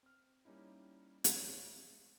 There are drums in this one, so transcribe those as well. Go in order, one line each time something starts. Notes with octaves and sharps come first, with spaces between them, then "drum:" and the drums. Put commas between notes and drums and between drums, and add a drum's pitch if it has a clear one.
C4 F6
G3 A#3 C#4 D#4 E4
drum: hi-hat
C#5 E5